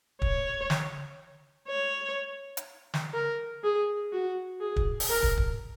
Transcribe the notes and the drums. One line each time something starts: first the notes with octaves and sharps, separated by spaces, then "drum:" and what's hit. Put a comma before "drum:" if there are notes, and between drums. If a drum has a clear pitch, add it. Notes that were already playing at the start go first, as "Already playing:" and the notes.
C#5, drum: kick
drum: snare
C#5
drum: hi-hat
drum: snare
A#4
G#4
F#4
G#4
drum: kick
drum: open hi-hat
A#4
drum: kick
drum: kick